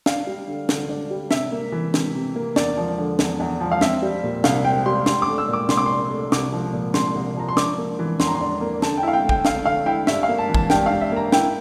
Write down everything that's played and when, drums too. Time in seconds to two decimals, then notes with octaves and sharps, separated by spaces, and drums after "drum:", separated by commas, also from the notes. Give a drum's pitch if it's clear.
0.06 D4 F5, drum: snare
0.27 G3
0.48 D3
0.69 D2, drum: snare
0.89 D4
1.11 G3
1.31 C3 E5, drum: snare
1.52 A#3
1.72 E3
1.94 C3, drum: snare
2.15 C3
2.35 A#3
2.56 E2 D5, drum: snare
2.77 F3
2.98 D3
3.19 E2, drum: snare
3.40 E2
3.60 F3
3.72 F5
3.81 C4 E5, drum: snare
4.02 G3
4.23 A#2
4.44 C2 F5, drum: snare
4.65 C4 G5
4.86 G3 C6
5.06 D4 C6, drum: snare
5.22 D6
5.28 A3
5.38 E6
5.48 A#2 D6
5.69 C2 C6, drum: snare
5.77 D6
5.86 D4 C6
6.11 A3
6.32 C2 D6, drum: snare
6.52 F3
6.73 A#2
6.94 C2 C6, drum: snare
7.15 C2
7.36 F3 A#5
7.49 C6
7.57 D4 D6, drum: snare
7.78 A#3
7.99 E3
8.20 E2 C6, drum: snare
8.27 A#5
8.35 C6
8.41 D4
8.61 A#3
8.82 D3 A5, drum: snare
8.98 G5
9.03 E4 F5
9.13 G5
9.24 A3
9.29 G5, drum: kick
9.45 D3 F5, drum: snare
9.66 D3 F5
9.86 E4 G5
10.07 G2 E5, drum: snare
10.23 F5
10.28 A#3
10.38 A5
10.49 E3
10.54 A5, drum: kick
10.70 G2 G5, drum: snare
10.86 F5
10.91 G2
11.01 E5
11.12 A#3 A#5
11.32 E4 G5, drum: snare